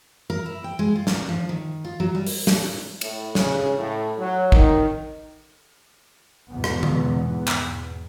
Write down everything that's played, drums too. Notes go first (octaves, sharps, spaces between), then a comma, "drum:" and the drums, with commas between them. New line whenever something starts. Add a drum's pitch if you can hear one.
A#4
E4
G5
G#3
F4
A#4, drum: snare
F3
D#3
F4
F#3
G3
drum: open hi-hat
drum: snare
A2, drum: cymbal
C#3, drum: snare
A2
F#3
D#3, drum: kick
E2 G#2 B2 B3
drum: rim click
drum: tom D3
drum: clap